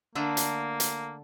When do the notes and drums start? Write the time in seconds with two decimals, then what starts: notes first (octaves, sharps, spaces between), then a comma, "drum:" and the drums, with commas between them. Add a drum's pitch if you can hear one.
0.15 D3 A3 A#3 D4
0.37 drum: hi-hat
0.80 drum: hi-hat